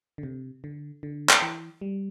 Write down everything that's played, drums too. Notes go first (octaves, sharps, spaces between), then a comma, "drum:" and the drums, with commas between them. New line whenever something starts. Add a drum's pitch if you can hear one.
D3
C3
D3
D3
drum: clap
E3
G3